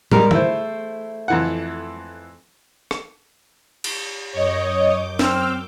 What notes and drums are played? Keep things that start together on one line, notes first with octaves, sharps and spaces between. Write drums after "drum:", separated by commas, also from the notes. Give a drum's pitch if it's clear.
G3 G#3 A#4, drum: tom
A3 E4 C5, drum: tom D3
F2 E3 F#5
drum: rim click
drum: cymbal
F#2 C#5 D#5 D6 G6
C4 E6 F6, drum: snare